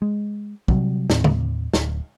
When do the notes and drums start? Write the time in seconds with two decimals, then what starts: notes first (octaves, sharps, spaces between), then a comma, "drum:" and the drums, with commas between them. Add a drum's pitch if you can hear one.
0.02 G#3
0.68 C3 F#3 G3, drum: kick
1.10 D#2 A2 C4, drum: snare
1.24 drum: tom C#3
1.74 D1, drum: snare